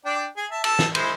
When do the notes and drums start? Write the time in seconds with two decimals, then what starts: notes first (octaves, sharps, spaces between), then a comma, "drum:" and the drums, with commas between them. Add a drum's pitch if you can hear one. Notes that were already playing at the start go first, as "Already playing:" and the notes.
0.05 D4 D5 G5
0.37 G#4
0.51 E5 A5
0.64 A5 E6, drum: cymbal
0.79 drum: snare
0.95 G#3 E4 C5, drum: cymbal